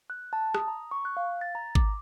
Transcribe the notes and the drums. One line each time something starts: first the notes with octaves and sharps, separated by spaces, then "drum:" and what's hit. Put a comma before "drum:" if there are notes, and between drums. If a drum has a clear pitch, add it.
F#6
A5
D#6, drum: rim click
A#5
C#6
F#6
F5
A6
A#5
D6, drum: kick G#1